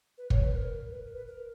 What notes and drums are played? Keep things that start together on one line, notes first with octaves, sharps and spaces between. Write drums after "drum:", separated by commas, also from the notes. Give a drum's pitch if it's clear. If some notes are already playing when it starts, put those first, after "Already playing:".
B4
C#5, drum: kick
B4
A#4
B4
A#4
B4
A#4